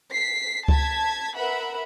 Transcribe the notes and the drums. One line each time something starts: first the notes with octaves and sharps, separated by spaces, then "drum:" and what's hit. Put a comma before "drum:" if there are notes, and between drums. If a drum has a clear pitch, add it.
B6 C7
A5 G#6 B6, drum: kick C#2
A#4 B4 E5 F#5 B5